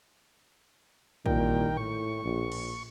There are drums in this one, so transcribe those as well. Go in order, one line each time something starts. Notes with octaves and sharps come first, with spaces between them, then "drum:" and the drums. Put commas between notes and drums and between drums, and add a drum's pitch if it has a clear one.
C2 A#2 D#3 A#4 G5, drum: kick
A2 C#6
A#1
drum: cymbal